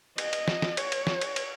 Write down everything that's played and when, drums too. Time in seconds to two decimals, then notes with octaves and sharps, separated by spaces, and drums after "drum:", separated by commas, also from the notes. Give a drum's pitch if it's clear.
0.18 D#5, drum: cymbal
0.33 drum: cymbal
0.48 drum: snare
0.62 drum: snare
0.77 C#5, drum: cymbal
0.92 drum: cymbal
1.07 drum: snare
1.21 drum: cymbal
1.36 drum: cymbal